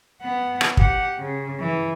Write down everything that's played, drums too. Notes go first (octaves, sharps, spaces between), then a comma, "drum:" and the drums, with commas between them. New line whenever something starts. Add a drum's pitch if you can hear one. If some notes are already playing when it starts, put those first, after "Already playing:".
B3 F#5
drum: rim click
G4 F#5, drum: kick
C#3
E3